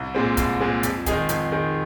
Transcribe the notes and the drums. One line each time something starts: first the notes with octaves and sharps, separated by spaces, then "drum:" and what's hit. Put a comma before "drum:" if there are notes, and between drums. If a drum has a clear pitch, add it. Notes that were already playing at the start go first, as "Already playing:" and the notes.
Already playing: C2
A#2 G#3 C4
C2, drum: kick, hi-hat
A#2 G#3 C4
F2, drum: hi-hat
D#3 G#3 D#4 G#4, drum: kick, hi-hat
F2, drum: hi-hat
D#3 G#3 D#4 G#4